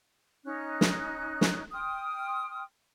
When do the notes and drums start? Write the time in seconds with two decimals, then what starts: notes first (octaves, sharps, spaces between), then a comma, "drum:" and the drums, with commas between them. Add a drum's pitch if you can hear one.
0.44 C#4 D#4 F#6
0.81 drum: snare
1.41 drum: snare
1.71 G5 C6 D#6 F6